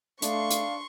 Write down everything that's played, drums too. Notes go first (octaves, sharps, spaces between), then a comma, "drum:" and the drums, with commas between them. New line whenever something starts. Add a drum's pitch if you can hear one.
A3 D4 F5 C6 C#6, drum: hi-hat
drum: hi-hat